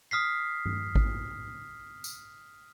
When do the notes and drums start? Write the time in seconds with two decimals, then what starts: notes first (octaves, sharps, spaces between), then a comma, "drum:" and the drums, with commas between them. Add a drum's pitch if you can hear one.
0.11 D#6 F6 B6 C7
0.65 drum: tom G2
0.95 drum: kick G#1
2.04 drum: tambourine